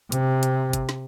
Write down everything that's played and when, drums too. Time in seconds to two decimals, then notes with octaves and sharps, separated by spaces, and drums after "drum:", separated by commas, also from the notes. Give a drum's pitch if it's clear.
0.12 C3, drum: hi-hat
0.43 drum: hi-hat
0.73 drum: kick, hi-hat
0.89 drum: snare